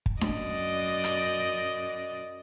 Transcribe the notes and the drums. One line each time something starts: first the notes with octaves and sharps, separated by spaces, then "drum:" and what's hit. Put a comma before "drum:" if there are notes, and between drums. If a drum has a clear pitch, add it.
drum: kick
F#2 D5 D#5, drum: snare D4
drum: hi-hat